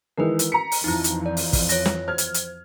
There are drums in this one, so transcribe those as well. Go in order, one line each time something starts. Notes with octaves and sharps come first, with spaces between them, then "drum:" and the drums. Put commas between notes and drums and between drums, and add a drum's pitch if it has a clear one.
D#3 E3 G#3 A#4 B4
drum: hi-hat
A#5 B6 C#7
drum: open hi-hat
F2 E3 F3 D#4 E4
drum: hi-hat
D5
drum: open hi-hat
drum: kick, open hi-hat
C#5 A#6, drum: hi-hat
drum: snare
C5 F6 G#6
drum: hi-hat
drum: hi-hat